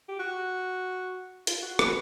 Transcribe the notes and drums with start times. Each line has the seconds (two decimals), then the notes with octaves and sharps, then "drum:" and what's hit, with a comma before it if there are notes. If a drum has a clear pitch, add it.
0.09 G4
0.20 F#4
1.47 F4, drum: hi-hat
1.63 F#4
1.79 B4, drum: rim click